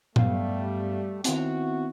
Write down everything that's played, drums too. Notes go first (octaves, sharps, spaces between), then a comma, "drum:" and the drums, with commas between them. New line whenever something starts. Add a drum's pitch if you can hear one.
G2 G3 A3 B3 F5, drum: tom A#2
D#3 B3 C4 E4 F#4, drum: hi-hat